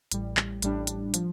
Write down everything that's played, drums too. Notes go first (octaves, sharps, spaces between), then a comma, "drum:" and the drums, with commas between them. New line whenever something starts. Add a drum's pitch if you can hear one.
A1 A2 G3, drum: hi-hat
drum: clap
A1 A2 G3 D4, drum: hi-hat
drum: hi-hat
F3, drum: hi-hat